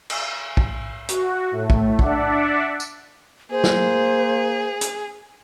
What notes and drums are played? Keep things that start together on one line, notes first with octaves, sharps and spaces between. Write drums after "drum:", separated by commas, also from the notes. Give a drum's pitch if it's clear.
drum: cymbal
drum: kick
F#4, drum: hi-hat
A2 A3
drum: kick
D4 D5 E5 F#5, drum: kick
drum: tambourine
A#3 G#4 C5
drum: snare
drum: hi-hat